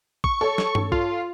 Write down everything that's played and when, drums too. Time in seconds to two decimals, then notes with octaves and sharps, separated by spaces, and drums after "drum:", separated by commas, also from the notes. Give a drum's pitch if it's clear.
0.24 C#6, drum: kick
0.41 A4 C#5 C#6
0.58 drum: snare
0.75 drum: tom G2
0.92 F4, drum: kick